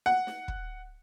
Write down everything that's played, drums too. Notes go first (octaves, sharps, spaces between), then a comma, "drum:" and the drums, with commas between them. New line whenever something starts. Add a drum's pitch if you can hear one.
F#5
drum: snare
drum: kick